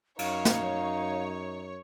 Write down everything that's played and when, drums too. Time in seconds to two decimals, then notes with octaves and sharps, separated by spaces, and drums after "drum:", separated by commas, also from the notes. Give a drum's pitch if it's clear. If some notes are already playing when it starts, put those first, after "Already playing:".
0.19 F#2 D#4 C#5 F5, drum: cymbal
0.45 drum: snare